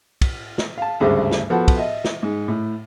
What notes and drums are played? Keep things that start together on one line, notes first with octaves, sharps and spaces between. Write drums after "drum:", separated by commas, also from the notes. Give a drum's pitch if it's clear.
drum: kick, cymbal
drum: snare
F5 A5
G#1 D2 G2 C#3 G3 C5
drum: snare
F3 B3 F#4 A4 B4
drum: kick, cymbal
D#5 E5
drum: snare
G#2
A2